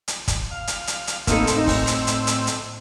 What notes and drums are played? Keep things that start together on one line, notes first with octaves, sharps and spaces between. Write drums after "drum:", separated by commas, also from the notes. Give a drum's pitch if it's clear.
drum: hi-hat
drum: kick, hi-hat
F5
drum: hi-hat
drum: hi-hat
drum: hi-hat
A2 A#3 C4 D#4 A4 E6, drum: kick, hi-hat
drum: hi-hat
D#4
drum: kick, open hi-hat
drum: hi-hat
drum: hi-hat
drum: hi-hat
drum: hi-hat